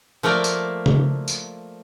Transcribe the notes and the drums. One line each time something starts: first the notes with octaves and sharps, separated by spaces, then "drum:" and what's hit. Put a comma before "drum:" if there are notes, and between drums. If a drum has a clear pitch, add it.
F3 A3 A#3 A#4 D5
drum: tambourine
drum: tom C#3
drum: tambourine